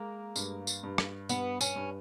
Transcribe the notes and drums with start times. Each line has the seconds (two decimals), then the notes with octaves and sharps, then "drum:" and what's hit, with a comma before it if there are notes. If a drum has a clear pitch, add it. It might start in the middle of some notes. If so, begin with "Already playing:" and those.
Already playing: G#3 A#3
0.36 G2, drum: tambourine
0.67 drum: tambourine
0.83 G2
0.98 drum: rim click
1.29 G2 B3, drum: tambourine
1.61 C#4, drum: tambourine
1.76 G2